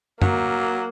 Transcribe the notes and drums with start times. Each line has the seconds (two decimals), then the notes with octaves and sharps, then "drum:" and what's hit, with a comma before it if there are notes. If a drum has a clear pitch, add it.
0.22 F#3 A#3, drum: tom